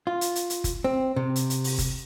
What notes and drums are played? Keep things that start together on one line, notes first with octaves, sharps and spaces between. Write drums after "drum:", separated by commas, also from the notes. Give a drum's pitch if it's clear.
F4
drum: hi-hat
drum: hi-hat
drum: hi-hat
drum: kick F#1, hi-hat
C4
C3
drum: hi-hat
drum: hi-hat
drum: open hi-hat
drum: kick F#1, hi-hat